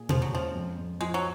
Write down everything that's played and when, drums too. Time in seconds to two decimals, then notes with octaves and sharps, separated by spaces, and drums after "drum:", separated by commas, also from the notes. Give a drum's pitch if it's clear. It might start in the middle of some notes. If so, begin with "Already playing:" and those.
Already playing: A#2 G#4
0.09 F3 G#3, drum: tom B2
0.22 F#3
0.33 F3 C#4
0.55 F2
0.78 F2
1.01 F3 G#3
1.14 F#3